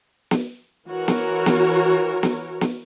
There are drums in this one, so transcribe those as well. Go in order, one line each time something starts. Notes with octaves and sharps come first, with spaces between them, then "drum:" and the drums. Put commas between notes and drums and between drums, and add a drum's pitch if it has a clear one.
drum: snare
E3 F#4 A#4 C#5
drum: snare
drum: snare
drum: snare
drum: snare